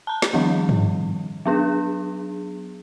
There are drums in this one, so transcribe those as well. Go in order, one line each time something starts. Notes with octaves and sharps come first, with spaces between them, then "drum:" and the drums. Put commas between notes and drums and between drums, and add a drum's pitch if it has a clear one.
A5 A#5
drum: snare
D#3 F3 G3 B3
drum: tom
F#3 B3 D4 G#4